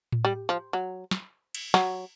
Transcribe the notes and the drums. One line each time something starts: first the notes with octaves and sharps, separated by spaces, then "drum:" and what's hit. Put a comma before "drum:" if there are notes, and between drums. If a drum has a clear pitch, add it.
drum: tom A2
G3
F3
F#3
drum: snare
drum: cymbal
F#3, drum: snare